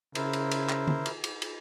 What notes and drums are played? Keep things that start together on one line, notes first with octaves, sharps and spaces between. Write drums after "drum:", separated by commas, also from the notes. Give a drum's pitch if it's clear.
C#3 E4 A#4 C5, drum: cymbal
drum: cymbal
drum: cymbal
drum: clap
drum: tom D3
drum: cymbal
drum: cymbal
drum: cymbal